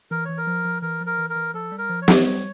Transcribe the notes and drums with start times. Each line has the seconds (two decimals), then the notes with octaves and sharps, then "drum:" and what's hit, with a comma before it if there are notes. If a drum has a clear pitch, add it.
0.11 E3 A#4
0.25 E3 C#5
0.38 A#4
0.47 F3
0.65 F3
0.82 E3 A#4
1.01 F3
1.06 A#4
1.19 E3
1.30 A#4
1.36 E3
1.54 F3 A4
1.72 G3
1.78 A#4
1.89 F3
2.02 C#5
2.08 E3, drum: snare
2.25 G3 C#5